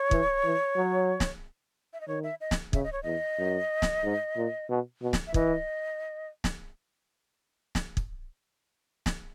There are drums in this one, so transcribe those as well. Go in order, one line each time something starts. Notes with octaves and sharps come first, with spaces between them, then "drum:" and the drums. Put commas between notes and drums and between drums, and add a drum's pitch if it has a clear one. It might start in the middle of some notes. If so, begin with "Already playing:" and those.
Already playing: C#5
E3, drum: kick
E3
F#3
drum: snare
E5
D#5
D#3 C#5
E5
D#5
drum: snare
C#3 E5, drum: kick
D#5
C#5
E2 D#5
F#2
drum: snare
G#2
A#2
B2
B2
drum: snare
E5
E3 D#5, drum: kick
drum: snare
drum: snare
drum: kick
drum: snare